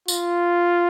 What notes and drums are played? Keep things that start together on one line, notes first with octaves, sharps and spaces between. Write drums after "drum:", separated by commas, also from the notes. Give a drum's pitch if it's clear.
F4, drum: tambourine